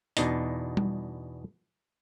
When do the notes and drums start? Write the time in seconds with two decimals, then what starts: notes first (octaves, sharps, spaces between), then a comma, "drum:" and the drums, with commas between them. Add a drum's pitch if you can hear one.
0.17 E2 B2 D4 D#4, drum: hi-hat
0.77 drum: tom G3